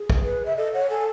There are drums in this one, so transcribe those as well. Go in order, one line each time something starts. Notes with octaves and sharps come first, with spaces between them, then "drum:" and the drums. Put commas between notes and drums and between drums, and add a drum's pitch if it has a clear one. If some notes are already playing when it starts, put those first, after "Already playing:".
Already playing: G#4
drum: kick
B4
E5
A4 D#5
C#5 F#5
A4 G#5